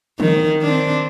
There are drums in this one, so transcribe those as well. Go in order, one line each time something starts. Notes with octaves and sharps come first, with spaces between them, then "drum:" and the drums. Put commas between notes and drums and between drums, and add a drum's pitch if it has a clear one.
D#3, drum: tom E3
C4 D4